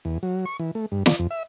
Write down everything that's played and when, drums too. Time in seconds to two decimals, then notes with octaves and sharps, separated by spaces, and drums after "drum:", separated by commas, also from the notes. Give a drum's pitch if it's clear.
0.05 E2
0.23 F#3
0.46 C#6
0.59 E3
0.75 A3
0.92 G2
1.06 D5, drum: snare
1.19 F2
1.31 E5